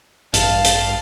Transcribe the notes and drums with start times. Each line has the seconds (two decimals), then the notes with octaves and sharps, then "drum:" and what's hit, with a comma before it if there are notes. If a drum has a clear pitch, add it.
0.34 A1 G2 F5 A5, drum: hi-hat
0.64 drum: hi-hat